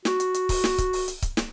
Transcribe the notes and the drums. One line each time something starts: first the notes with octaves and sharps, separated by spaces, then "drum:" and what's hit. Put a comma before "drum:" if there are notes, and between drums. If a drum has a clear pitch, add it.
F#4, drum: snare
drum: hi-hat
drum: hi-hat
drum: kick C#1, open hi-hat
drum: snare
drum: kick C#1, hi-hat
drum: open hi-hat
drum: hi-hat
drum: kick C#1, hi-hat
drum: snare